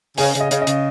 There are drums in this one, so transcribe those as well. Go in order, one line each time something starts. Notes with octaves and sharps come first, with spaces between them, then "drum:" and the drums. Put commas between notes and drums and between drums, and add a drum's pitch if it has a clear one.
C#3 G#5, drum: open hi-hat
C#3, drum: hi-hat
D#5
C#3, drum: hi-hat
D#5
C#3, drum: hi-hat